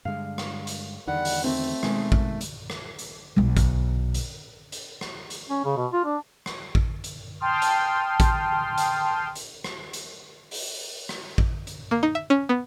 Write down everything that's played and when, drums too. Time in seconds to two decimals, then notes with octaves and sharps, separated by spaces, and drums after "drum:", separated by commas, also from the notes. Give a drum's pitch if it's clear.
0.05 G2 D3 G#3 F5
0.38 drum: rim click
0.67 drum: hi-hat
1.07 E2 D3 D#3 G3 F#5
1.25 drum: open hi-hat
1.44 A3 C4 F#4
1.83 B2 D#3 G#3, drum: rim click
2.12 drum: kick A1
2.41 drum: hi-hat
2.70 drum: rim click
2.99 drum: hi-hat
3.36 B1 B3
3.57 drum: kick A1, hi-hat
4.14 drum: hi-hat
4.72 drum: hi-hat
5.01 drum: rim click
5.30 drum: hi-hat
5.49 C#4
5.65 C#3
5.77 B2
5.92 F4
6.05 D4
6.46 drum: rim click
6.75 drum: kick A1
7.04 drum: hi-hat
7.40 G5 A5 C6 D#6 F6
7.62 drum: hi-hat
8.20 drum: kick A1, hi-hat
8.78 drum: hi-hat
9.36 drum: hi-hat
9.64 drum: rim click
9.93 drum: hi-hat
10.51 drum: open hi-hat
11.09 drum: rim click
11.38 drum: kick A1
11.67 drum: hi-hat
11.91 A#3
12.03 D#4
12.15 E5
12.30 C#4
12.49 B3